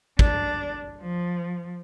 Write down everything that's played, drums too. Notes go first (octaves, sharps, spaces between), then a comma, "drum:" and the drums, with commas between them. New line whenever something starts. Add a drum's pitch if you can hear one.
D4, drum: kick
F3